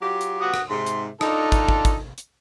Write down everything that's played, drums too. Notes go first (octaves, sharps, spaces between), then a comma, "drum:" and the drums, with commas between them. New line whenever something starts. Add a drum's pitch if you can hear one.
F#3 F4 G4
drum: hi-hat
F#4 F#5 D#6
drum: rim click
G#2 C3 C6
drum: hi-hat
D4 D#4 F4 A4, drum: rim click
drum: kick, hi-hat
drum: kick
drum: kick, hi-hat
drum: hi-hat